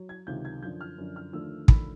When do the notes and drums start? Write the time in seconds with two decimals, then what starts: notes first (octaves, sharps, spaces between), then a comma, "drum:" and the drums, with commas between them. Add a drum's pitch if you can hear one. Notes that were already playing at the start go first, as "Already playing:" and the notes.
Already playing: F#3
0.09 G#6
0.27 C#2 C3 D#3 F#3 G6
0.45 G#6
0.62 F#2 D3 F3 G6
0.81 F6
0.98 F#2 D3 F3
1.16 F6
1.33 D#2 D3 F3 A3 E6
1.68 D#2 D3 F3 A3 B5, drum: kick